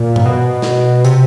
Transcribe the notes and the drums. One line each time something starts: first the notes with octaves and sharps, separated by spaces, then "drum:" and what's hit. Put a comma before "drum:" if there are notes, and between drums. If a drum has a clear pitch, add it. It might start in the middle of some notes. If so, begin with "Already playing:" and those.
Already playing: A#2
drum: tom G2
B2
drum: snare
C3, drum: hi-hat